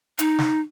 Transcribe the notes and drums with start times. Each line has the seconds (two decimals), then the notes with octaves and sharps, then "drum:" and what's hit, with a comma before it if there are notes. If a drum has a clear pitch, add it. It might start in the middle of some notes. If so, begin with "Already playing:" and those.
0.19 D#4, drum: hi-hat
0.39 drum: snare